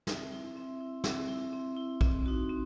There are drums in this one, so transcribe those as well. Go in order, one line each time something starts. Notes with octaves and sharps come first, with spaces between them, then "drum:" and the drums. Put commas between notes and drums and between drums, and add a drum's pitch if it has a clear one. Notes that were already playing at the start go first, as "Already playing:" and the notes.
C4 E5, drum: snare
E4
C4 E5
E4
C4 E5, drum: snare
E4
C4
E4
C4 D#5, drum: kick A#1
D#4 F#4
C4